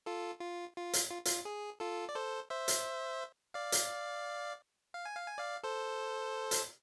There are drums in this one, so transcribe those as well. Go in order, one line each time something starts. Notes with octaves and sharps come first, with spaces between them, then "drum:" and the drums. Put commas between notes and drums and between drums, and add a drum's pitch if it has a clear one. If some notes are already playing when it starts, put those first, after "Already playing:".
F4 A4
F4
F4
drum: hi-hat
F4
F4, drum: hi-hat
G#4
F4 A4
D5
A4 C5
C5 E5
drum: hi-hat
D5 F5
drum: hi-hat
F5
G#5
F5
G#5
D5 F5
A4 C5
drum: hi-hat